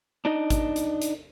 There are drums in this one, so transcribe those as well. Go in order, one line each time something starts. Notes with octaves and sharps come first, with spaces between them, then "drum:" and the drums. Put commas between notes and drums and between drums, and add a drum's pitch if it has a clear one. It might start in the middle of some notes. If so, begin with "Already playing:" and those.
D4 D#4 D#5
drum: kick G#1, hi-hat
drum: hi-hat
drum: hi-hat